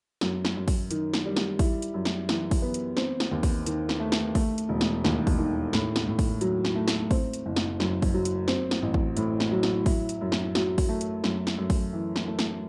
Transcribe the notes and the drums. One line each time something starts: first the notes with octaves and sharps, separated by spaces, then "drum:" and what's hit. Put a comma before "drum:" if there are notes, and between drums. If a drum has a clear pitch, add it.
F#2, drum: snare
drum: snare
F#2
drum: kick, open hi-hat
D#3, drum: hi-hat
drum: snare
G3
drum: snare
E4, drum: kick, open hi-hat
drum: hi-hat
F#2
drum: snare
E3, drum: snare
drum: kick, open hi-hat
B3
drum: hi-hat
C4, drum: snare
drum: snare
D#2
drum: kick, open hi-hat
D#3, drum: hi-hat
drum: snare
A3
drum: snare
A3, drum: kick, open hi-hat
drum: hi-hat
E1
drum: snare
D#2, drum: snare
drum: kick, open hi-hat
D#3
A2, drum: snare
drum: snare
A2
drum: kick, open hi-hat
F#3, drum: hi-hat
drum: snare
A3
drum: snare
C4, drum: kick, open hi-hat
drum: hi-hat
F#1
drum: snare
F#2, drum: snare
drum: kick, open hi-hat
F#3
drum: hi-hat
C4, drum: snare
drum: snare
A1
drum: kick
A2, drum: hi-hat
drum: snare
F#3
drum: snare
E4, drum: kick, open hi-hat
drum: hi-hat
F#2
drum: snare
F#3, drum: snare
drum: kick, open hi-hat
A3
drum: hi-hat
F#2, drum: snare
drum: snare
F#2
drum: kick, open hi-hat
E3
drum: snare
A3
drum: snare